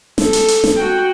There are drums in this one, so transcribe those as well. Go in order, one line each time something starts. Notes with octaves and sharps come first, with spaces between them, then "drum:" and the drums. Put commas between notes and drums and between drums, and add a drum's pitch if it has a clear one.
A4, drum: snare
drum: hi-hat
drum: hi-hat
drum: snare
F#4 G5